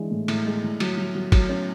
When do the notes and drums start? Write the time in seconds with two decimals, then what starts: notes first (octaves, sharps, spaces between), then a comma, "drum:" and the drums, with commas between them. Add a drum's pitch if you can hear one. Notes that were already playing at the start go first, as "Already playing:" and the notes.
Already playing: E3 G#3 D4
0.11 A2
0.28 A2, drum: cymbal
0.46 G#3
0.63 A2
0.80 F#3, drum: cymbal
0.97 F#3
1.15 F#3
1.32 F#3, drum: kick, cymbal
1.49 C#4